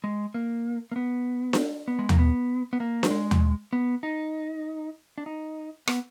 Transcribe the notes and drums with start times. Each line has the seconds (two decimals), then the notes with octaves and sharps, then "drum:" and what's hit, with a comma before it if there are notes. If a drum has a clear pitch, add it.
0.04 G#3
0.34 A#3
0.92 A#3
0.96 B3
1.53 drum: snare D4
1.88 B3
1.99 G#3
2.09 A#3, drum: tom D#2
2.19 B3
2.73 B3
2.80 A#3
3.03 F#3, drum: snare D4
3.11 G#3
3.31 drum: tom D#2
3.73 B3
4.03 D#4
5.18 D4
5.26 D#4
5.87 B3, drum: rim click